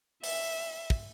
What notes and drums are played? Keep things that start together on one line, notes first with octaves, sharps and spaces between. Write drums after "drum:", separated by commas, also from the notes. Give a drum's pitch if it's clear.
E5, drum: open hi-hat
drum: kick